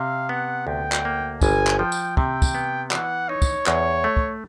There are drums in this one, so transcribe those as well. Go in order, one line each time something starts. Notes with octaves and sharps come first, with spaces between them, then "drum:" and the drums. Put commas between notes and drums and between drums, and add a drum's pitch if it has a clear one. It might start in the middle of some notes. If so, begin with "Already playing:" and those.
Already playing: C3 F5
B3 F#5
D2 G5
drum: clap
A#3
G1 G#5, drum: kick, tambourine
drum: clap
F3 G5
drum: tambourine
C3 G5, drum: kick
drum: kick, tambourine
B3
E3 F#5, drum: clap
D#4 C#5
drum: kick, tambourine
E2 C#5, drum: clap
A3
drum: kick